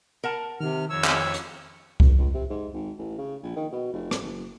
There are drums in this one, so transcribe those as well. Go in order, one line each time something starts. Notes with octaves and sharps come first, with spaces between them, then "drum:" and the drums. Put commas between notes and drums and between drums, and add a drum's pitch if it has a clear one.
A#4 F#5 A5
C3 D#3 F6
F2 C#5 E6
drum: clap
drum: hi-hat
B1, drum: kick C2
C#2
C3
G#2
G#1
A1
C#3
A#1
D#3
B2
F1
drum: rim click
F#1